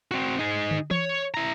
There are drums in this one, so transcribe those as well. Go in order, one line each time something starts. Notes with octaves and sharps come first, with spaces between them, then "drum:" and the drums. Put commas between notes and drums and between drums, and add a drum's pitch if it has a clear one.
C4 F#4
D#4 G#4
drum: tom
C#5, drum: tom E3
E4 A#5